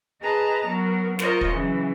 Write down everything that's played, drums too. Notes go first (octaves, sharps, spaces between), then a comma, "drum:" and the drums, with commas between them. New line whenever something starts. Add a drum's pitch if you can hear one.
G#4 B4 D#5 A5 A#5
F#3 B3 A#4
F4 A#4 C5 C#5 D#5, drum: snare
drum: kick
C#3 E3 F#3